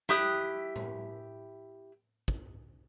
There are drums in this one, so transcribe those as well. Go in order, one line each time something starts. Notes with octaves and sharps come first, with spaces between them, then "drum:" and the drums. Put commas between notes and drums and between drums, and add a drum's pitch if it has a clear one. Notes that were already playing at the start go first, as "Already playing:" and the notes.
E4 G4 D#6 F#6, drum: snare
drum: tom A2
drum: kick